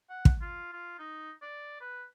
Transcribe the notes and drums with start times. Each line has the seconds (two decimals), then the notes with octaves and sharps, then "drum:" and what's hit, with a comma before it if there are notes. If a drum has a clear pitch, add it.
0.10 F#5
0.25 drum: kick
0.41 F4
0.73 F4
0.99 D#4
1.42 D5
1.80 B4